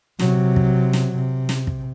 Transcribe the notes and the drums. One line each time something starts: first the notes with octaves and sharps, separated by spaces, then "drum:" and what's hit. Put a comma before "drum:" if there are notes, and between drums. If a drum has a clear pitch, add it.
C3 F#3, drum: snare
drum: kick
drum: snare
C3
drum: snare
drum: kick